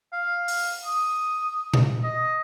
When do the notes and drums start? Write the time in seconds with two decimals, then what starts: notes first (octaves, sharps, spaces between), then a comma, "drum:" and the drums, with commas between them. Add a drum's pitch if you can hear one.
0.13 F5
0.48 drum: open hi-hat
0.84 D#6
1.74 drum: tom A#2
2.03 D#5